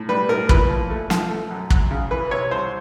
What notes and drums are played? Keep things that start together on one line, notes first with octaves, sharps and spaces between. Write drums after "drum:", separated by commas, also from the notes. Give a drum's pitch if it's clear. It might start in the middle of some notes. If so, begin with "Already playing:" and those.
Already playing: A2
G3 B4
A2 A#4
A#2 B4, drum: kick
F3
A3
F3, drum: snare
A3
F#2
F#2, drum: kick
C#3
E3 B4
C3 C#5
C2 C5